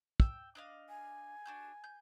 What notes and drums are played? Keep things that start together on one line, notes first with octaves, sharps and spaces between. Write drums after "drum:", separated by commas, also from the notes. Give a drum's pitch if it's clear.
G5 E6, drum: kick
D4 D#5 F5
G#5
D4 F#4 G6
G6